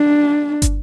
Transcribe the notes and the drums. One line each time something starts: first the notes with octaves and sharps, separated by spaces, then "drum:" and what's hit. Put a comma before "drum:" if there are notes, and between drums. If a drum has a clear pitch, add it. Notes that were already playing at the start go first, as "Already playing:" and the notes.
Already playing: D4
drum: kick, hi-hat